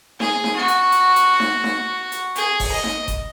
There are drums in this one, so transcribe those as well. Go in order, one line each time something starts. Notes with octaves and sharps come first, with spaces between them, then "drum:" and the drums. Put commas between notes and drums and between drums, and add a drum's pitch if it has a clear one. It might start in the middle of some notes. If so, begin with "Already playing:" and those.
G#4, drum: snare D#4
drum: snare D#4
F#4
drum: hi-hat
drum: hi-hat
drum: hi-hat
drum: snare D#4
drum: snare D#4
drum: hi-hat
G#4, drum: hi-hat
drum: kick G#1, open hi-hat
D#5
drum: snare D#4
drum: kick G#1, hi-hat